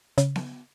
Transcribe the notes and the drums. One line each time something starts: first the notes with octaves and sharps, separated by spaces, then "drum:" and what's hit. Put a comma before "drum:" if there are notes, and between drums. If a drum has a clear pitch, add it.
C#3, drum: hi-hat
drum: snare B3